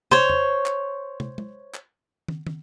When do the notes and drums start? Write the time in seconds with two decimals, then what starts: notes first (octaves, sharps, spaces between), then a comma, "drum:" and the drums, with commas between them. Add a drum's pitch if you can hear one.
0.11 C5 C#5, drum: tom
0.29 drum: tom E2
0.66 drum: clap
1.20 drum: tom
1.38 drum: tom G#3
1.74 drum: clap
2.28 drum: tom
2.47 drum: tom